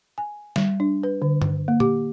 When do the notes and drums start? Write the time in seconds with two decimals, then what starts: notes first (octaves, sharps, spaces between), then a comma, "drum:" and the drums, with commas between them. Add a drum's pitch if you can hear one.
0.18 G#5
0.56 G3, drum: snare
0.80 D4
1.03 B4
1.22 D3
1.42 drum: tom G2
1.68 A#3
1.80 G4, drum: tom A#2